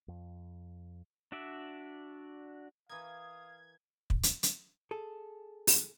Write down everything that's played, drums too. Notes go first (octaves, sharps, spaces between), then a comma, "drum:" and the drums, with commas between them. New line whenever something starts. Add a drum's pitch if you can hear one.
F2
D4 F#4 D5 E5
E3 A#3 F5 D#6 G#6
drum: kick
drum: hi-hat
drum: hi-hat
G#4 A4
drum: open hi-hat